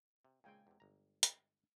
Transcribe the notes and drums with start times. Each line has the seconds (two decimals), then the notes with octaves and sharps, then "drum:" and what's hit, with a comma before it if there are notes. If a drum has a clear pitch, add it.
0.25 C3
0.44 A#2 C#3 G#3 C4 G5 G#5
0.67 E2 C3
0.80 G1 A#5
1.23 drum: hi-hat